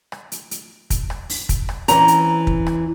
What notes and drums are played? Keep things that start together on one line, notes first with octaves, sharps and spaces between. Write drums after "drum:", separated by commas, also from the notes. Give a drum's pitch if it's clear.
drum: rim click
drum: hi-hat
drum: hi-hat
drum: kick, hi-hat
drum: rim click
drum: open hi-hat
drum: kick, hi-hat
drum: rim click
E3 C4 C#4 A#5, drum: hi-hat
drum: hi-hat
drum: kick
drum: rim click